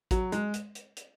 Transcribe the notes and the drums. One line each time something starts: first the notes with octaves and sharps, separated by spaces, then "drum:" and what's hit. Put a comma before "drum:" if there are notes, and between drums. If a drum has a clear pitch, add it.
F#3, drum: kick A1, hi-hat
G#3, drum: hi-hat
drum: hi-hat
drum: hi-hat
drum: hi-hat